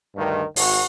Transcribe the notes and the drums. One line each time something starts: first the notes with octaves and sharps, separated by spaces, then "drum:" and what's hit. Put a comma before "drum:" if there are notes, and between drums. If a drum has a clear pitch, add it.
D2 G2 D#3
G#1 F#4, drum: open hi-hat